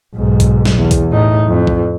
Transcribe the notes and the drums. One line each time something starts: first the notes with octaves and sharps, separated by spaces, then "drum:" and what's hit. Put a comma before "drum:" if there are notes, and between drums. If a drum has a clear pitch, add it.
B1 G#2
drum: kick A#1, hi-hat
drum: snare
E2
drum: kick A#1, hi-hat
A2 D#4
F2
drum: kick A#1